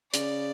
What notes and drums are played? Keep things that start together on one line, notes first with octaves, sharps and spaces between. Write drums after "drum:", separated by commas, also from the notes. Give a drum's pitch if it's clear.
C#3 D5, drum: hi-hat